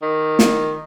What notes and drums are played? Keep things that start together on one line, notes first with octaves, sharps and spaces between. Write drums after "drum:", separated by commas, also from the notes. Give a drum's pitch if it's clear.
D#3
drum: snare